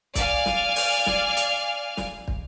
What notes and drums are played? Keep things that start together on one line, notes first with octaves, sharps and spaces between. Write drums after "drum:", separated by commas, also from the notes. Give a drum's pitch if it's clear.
D5 F5 G#5 F6, drum: kick, hi-hat
drum: snare
drum: open hi-hat
drum: snare
drum: hi-hat
drum: snare
drum: kick